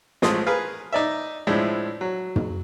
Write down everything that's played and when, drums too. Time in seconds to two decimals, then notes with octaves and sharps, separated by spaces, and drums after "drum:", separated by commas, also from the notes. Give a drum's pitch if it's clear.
0.22 A1 F3 G#3 A3 C6 D#6, drum: snare
0.46 G#4 A#4 B4 F5
0.92 D#4 D5 E5
1.47 A2 F3 G#3 D4 E4
2.01 F#3
2.36 drum: tom